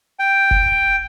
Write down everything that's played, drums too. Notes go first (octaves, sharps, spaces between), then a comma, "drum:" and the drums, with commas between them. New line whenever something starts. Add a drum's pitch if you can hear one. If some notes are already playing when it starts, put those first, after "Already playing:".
G5
drum: kick F1